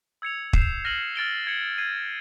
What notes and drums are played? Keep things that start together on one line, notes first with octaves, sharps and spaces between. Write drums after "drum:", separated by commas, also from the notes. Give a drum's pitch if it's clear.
E6 G#6 C#7 F7
G6 C7 E7, drum: kick
F6 A#6 D#7 F#7
F6 A6 D7 G7
G#6 C#7 F#7
G#6 C7 D#7 F#7